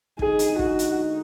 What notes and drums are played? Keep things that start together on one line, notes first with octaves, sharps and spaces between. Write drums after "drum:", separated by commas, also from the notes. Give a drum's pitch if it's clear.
D3 G#3 D#4 G#4, drum: kick
drum: hi-hat
F#4, drum: kick
drum: hi-hat